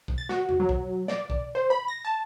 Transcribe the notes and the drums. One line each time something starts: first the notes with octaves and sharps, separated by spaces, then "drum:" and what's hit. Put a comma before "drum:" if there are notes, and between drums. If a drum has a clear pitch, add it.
drum: kick
A6
F#4, drum: snare
drum: tom E2
F#3
drum: kick
D5, drum: snare
drum: kick
C5
B5
A#6
A5